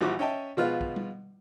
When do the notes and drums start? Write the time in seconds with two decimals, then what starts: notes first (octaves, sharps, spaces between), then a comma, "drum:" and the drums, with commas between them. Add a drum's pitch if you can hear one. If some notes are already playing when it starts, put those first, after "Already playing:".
0.01 A#1 E3 F3 G3 F#4 D6
0.19 C#4 D#5 E5 G5 A5
0.57 B2 F3 G#3 F4 B4 F6
0.81 drum: kick
0.96 drum: tom G3